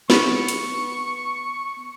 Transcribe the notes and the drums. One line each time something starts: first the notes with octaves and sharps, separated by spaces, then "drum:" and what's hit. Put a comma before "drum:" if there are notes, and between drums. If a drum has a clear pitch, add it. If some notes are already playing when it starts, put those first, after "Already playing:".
B3 C#6, drum: snare
drum: hi-hat